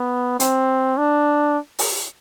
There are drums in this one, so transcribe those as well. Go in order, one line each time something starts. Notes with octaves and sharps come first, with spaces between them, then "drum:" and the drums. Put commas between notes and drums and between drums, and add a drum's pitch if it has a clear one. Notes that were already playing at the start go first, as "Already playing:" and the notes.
Already playing: B3
C4, drum: hi-hat
D4
drum: open hi-hat